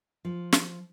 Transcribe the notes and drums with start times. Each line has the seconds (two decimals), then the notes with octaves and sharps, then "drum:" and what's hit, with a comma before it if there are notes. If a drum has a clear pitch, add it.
0.25 F3
0.52 drum: snare